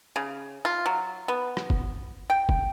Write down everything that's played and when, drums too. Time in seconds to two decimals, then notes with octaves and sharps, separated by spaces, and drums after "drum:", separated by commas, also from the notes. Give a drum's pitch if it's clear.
0.16 C#3
0.65 F4
0.86 F#3
1.28 B3
1.57 drum: rim click
1.70 drum: kick
2.30 G5
2.49 drum: kick